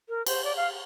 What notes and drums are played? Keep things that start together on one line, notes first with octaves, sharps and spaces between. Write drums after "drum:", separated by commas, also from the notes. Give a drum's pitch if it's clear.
A#4
C5, drum: cymbal
D5
F5